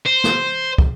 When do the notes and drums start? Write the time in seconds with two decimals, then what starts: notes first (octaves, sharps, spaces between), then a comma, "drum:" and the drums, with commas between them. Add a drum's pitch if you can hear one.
0.06 C5
0.24 drum: snare
0.78 drum: kick